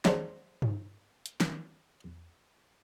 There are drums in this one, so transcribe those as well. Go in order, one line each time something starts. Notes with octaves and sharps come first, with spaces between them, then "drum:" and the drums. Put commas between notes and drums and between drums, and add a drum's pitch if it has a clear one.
F#3 G#3 C4 D4 G4, drum: snare
drum: tom G2
drum: hi-hat
drum: snare